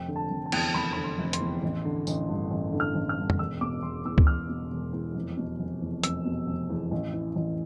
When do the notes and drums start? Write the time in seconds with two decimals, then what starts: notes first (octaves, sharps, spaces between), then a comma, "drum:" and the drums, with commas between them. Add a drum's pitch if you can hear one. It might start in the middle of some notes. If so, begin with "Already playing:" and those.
Already playing: F1 G5
0.08 D3
0.16 A5
0.30 F1
0.46 A5
0.52 E2 G5, drum: cymbal
0.60 A5
0.74 F1 B5
0.93 D3 B5
1.04 C6
1.18 F1
1.33 C6, drum: hi-hat
1.40 E2
1.63 A1
1.85 D3
2.07 A1, drum: tambourine
2.29 G2
2.51 A1
2.73 D3
2.80 F6
2.95 A1
3.09 F6
3.17 G2
3.30 drum: tom F2
3.39 E1 E6
3.61 B2 D6
3.83 E1 C6
4.05 E2 E6
4.18 drum: kick C#2
4.27 E1 F6
4.49 B2
4.71 E1
4.93 E2
5.15 F1
5.37 B2
5.59 F1
5.82 E2
6.04 F1 E6, drum: hi-hat
6.25 B2
6.47 F1
6.70 E2
6.91 A1
7.13 E3
7.36 A1